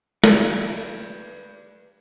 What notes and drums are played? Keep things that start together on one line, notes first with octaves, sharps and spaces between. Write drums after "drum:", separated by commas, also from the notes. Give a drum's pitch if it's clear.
B4 D5, drum: snare